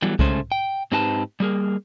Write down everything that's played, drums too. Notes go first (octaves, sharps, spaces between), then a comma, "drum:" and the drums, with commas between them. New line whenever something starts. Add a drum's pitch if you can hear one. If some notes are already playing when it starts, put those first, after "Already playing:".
E3 F#3 G3 A3 B3
C#3 G#3 A3 C#4 C5, drum: kick C2
G5
G#2 C4 D#4 G4 B4 A5
G3 A#3 G#4 A#4